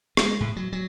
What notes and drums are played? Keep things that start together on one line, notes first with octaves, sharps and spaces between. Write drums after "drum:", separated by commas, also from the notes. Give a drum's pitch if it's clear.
G#3, drum: rim click
A2
F#3
F#3